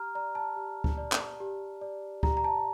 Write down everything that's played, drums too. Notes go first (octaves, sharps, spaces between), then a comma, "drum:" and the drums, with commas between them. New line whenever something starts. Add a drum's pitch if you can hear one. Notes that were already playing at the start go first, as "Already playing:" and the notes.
Already playing: G4 A#5 F6
D5 A#5
A5
G4
drum: kick D2
D5
drum: clap
G4
D5
G4 A#5, drum: kick D2
A#5
A5